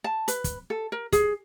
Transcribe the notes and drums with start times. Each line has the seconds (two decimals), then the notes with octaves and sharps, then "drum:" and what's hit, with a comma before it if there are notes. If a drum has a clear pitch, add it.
0.04 A5
0.28 B4, drum: hi-hat
0.44 drum: kick, hi-hat
0.70 A4
0.92 A#4
1.12 G#4, drum: kick, hi-hat